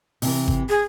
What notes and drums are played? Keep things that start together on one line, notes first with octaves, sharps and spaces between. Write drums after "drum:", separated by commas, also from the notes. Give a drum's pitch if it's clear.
C3 E3, drum: open hi-hat
drum: kick G1
G#4